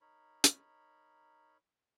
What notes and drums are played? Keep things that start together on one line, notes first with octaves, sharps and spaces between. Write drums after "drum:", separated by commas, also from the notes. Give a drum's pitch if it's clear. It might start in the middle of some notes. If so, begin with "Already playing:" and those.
D#4 A#4 C#5 B5
drum: hi-hat